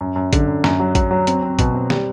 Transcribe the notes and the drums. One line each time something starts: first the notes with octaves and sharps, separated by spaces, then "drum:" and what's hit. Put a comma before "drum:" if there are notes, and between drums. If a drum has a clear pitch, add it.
F#2
F#2
D3, drum: kick, hi-hat
F#2
F#2, drum: snare
F#3
F#3, drum: kick, hi-hat
F#3
C4, drum: hi-hat
C4
B2, drum: kick, hi-hat
C4
G3, drum: snare